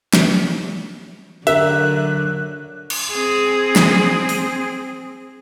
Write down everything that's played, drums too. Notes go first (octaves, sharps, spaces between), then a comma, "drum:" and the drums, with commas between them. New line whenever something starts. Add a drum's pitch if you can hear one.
drum: snare
D3 F#3 A#4 E5 F#6, drum: hi-hat
drum: cymbal
C4 G#4
drum: snare
drum: open hi-hat